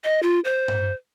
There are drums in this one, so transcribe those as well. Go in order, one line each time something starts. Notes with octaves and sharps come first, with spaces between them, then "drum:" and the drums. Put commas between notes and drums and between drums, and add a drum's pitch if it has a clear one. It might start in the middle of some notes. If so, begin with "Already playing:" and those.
D#5
F4
C5
drum: tom G2